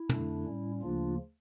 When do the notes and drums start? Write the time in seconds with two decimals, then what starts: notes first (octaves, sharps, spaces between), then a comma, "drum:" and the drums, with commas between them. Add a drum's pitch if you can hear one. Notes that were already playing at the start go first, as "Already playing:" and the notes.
Already playing: E4
0.09 F2 D3 A3 D4, drum: tom
0.46 A2 G3 C#4
0.82 D2 C#3 F3 A#3 D4 F4